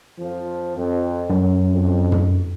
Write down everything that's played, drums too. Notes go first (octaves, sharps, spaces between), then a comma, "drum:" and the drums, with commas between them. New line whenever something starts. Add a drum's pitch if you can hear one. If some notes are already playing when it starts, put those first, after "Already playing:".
F2 F3
F2
F#2
F2
drum: tom